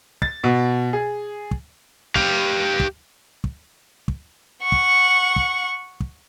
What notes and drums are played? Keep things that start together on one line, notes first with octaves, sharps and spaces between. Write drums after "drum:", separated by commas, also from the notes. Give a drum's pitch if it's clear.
A6, drum: kick
B2
G#4
drum: kick
G4 F5, drum: kick
drum: kick
drum: kick
drum: kick
F#5 C#6
drum: kick
drum: kick
drum: kick